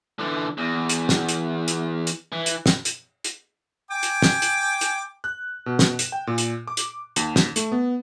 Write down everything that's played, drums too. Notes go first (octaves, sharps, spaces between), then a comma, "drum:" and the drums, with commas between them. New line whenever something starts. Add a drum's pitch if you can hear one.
D3 E3
E2
drum: hi-hat
drum: snare
drum: hi-hat
drum: hi-hat
drum: hi-hat
E3
drum: hi-hat
drum: snare
drum: hi-hat
drum: hi-hat
G5 G#5 D6
drum: hi-hat
drum: snare
drum: hi-hat
drum: hi-hat
F#6
B2
drum: snare
E7, drum: hi-hat
G5
A#2
drum: hi-hat
D6
drum: hi-hat
D#2, drum: hi-hat
drum: snare
A3, drum: hi-hat
B3